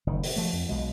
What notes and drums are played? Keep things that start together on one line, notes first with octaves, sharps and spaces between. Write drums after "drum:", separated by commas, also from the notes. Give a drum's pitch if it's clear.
F#1 D#3
C3, drum: open hi-hat
F3 A3
F2
B1 B2 G#3